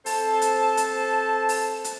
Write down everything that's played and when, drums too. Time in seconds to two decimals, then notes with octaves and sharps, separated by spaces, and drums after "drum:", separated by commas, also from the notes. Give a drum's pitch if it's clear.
0.06 C4 A4 C5 A5, drum: open hi-hat
0.42 drum: hi-hat
0.77 drum: hi-hat
1.49 drum: open hi-hat
1.84 drum: hi-hat